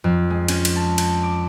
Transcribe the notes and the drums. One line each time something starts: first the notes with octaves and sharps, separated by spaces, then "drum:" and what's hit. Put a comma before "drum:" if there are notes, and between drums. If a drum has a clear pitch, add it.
F2
G#3
C#4, drum: cymbal
drum: cymbal
A5
drum: cymbal
D6